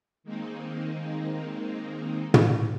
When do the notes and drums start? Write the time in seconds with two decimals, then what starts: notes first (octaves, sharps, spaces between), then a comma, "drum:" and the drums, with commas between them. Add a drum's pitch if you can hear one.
0.24 D#3 G#3 A#3 C4 D#4
2.34 drum: tom